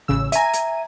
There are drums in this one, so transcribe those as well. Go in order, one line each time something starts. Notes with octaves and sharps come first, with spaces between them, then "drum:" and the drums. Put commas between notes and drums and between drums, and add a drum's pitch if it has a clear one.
A1 C#3 E6
E5 G#5 A#5 D#7, drum: hi-hat
drum: hi-hat